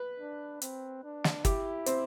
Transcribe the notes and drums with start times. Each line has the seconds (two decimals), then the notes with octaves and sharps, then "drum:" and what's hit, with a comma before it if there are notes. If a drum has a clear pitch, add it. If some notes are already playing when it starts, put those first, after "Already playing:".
Already playing: B4
0.20 D4
0.62 C4, drum: hi-hat
1.04 D4
1.24 drum: snare
1.45 E4 G4, drum: kick, hi-hat
1.86 C4, drum: hi-hat